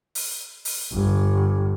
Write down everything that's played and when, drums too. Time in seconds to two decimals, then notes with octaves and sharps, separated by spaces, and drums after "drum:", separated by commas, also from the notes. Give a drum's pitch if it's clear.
0.15 drum: open hi-hat
0.65 drum: open hi-hat
0.92 G1